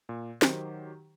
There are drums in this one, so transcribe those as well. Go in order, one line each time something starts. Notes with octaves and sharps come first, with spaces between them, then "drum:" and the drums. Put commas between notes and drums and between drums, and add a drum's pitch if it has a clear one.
A#2
D#3 F#3 G4 C5, drum: snare